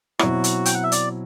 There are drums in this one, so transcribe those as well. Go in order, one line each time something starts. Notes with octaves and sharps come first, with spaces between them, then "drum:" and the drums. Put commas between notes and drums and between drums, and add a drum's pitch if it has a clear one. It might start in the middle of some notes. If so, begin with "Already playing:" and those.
B2 F#3 C4 E4 F#4, drum: rim click
drum: hi-hat
G5, drum: hi-hat
F#5
E5
D5, drum: hi-hat